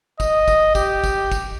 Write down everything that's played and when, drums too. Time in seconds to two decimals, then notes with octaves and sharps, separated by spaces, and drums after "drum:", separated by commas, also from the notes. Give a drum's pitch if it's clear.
0.20 D#5, drum: kick, tambourine
0.48 drum: kick, tambourine
0.75 G4, drum: kick, tambourine
1.04 drum: kick, tambourine
1.32 drum: kick, tambourine